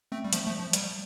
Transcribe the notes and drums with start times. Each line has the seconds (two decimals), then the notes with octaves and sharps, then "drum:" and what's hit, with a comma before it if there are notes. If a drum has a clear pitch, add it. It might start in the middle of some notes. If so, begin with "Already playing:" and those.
0.12 A3 C4
0.24 G3
0.33 F3 A3, drum: hi-hat
0.46 F3 A3
0.60 F3
0.73 G3, drum: hi-hat